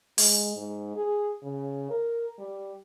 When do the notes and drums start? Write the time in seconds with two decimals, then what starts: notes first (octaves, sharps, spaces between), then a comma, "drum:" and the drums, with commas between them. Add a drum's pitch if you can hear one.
0.18 G#3, drum: open hi-hat
0.56 G#2
0.97 G#4
1.43 C#3
1.90 A#4
2.39 G3